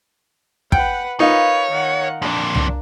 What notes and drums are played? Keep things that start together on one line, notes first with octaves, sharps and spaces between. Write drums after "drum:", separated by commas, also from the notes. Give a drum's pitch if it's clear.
B4 F#5 G5, drum: kick
D#4 F4 A#4 B4 C#5 F5
D#3 F#5
F2 A#2 D4
drum: tom C2